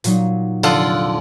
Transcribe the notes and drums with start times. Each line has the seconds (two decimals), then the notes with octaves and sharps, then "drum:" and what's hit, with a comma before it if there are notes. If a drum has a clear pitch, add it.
0.04 A#2 F#3 D#4, drum: hi-hat
0.63 F1 D3 F4 A4 D#6 F#6, drum: cymbal